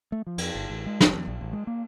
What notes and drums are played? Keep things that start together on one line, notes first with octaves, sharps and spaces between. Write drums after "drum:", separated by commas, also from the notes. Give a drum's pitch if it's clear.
A3
F3
F2, drum: cymbal
G1
A1
G#3
F#1, drum: snare
E2
A#1
A1
G#3
A#3